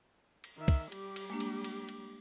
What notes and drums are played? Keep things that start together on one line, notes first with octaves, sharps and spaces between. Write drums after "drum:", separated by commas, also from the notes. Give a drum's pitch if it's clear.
drum: cymbal
D#3 E5
drum: kick, cymbal
G3 G4, drum: cymbal
drum: cymbal
G#3 A#3 D4
drum: cymbal
drum: cymbal
drum: cymbal